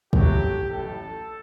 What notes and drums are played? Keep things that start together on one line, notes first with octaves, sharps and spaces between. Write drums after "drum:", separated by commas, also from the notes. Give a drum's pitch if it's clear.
B1 A2 F#3 G4, drum: kick
A1 A2 F#3 A4